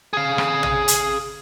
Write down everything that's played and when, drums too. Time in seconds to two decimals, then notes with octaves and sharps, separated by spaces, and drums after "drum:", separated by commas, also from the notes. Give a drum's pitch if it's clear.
0.13 G#4 F5
0.38 drum: rim click
0.63 drum: tom
0.88 drum: hi-hat